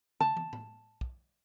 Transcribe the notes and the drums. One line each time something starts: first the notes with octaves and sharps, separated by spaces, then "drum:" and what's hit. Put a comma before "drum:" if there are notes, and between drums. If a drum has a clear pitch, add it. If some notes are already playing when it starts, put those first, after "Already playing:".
A5, drum: tom
drum: tom
drum: tom A2
drum: kick